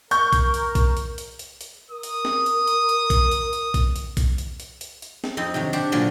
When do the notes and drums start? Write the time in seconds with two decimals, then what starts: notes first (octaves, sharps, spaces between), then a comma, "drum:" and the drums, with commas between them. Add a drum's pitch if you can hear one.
0.11 A#4 C#6 G6, drum: hi-hat
0.33 drum: kick B1, hi-hat
0.54 drum: hi-hat
0.75 drum: kick B1, hi-hat
0.97 drum: hi-hat
1.18 drum: hi-hat
1.39 drum: hi-hat
1.61 drum: hi-hat
1.91 A#4 D#6
2.03 drum: hi-hat
2.25 drum: snare
2.46 drum: hi-hat
2.67 drum: hi-hat
2.89 drum: hi-hat
3.10 drum: kick B1, hi-hat
3.32 drum: hi-hat
3.53 drum: hi-hat
3.74 drum: kick B1, hi-hat
3.96 drum: hi-hat
4.17 drum: kick B1, hi-hat
4.38 drum: hi-hat
4.60 drum: hi-hat
4.81 drum: hi-hat
5.02 drum: hi-hat
5.24 drum: snare
5.37 F2 C4 D#4
5.54 C3 D#3 F#3
5.73 D4 G4 C5 F#5
5.92 A#2 D3 F#3 G5 G#5